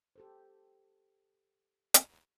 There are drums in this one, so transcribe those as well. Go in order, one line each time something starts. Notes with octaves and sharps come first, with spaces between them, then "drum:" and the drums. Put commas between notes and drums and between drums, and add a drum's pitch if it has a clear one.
G4 A4 C5
drum: hi-hat